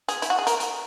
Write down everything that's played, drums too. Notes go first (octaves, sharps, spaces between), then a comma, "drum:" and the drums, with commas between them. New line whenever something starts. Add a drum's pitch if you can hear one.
G#4, drum: hi-hat
E4, drum: hi-hat
F#4
G#4
A#4, drum: hi-hat
drum: hi-hat